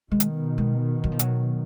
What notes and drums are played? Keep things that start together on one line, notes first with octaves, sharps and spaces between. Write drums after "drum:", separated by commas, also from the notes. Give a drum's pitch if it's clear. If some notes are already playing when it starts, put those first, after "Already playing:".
B2 D#3 G#3
drum: hi-hat
G#3
F#3, drum: kick
F3
F#3, drum: hi-hat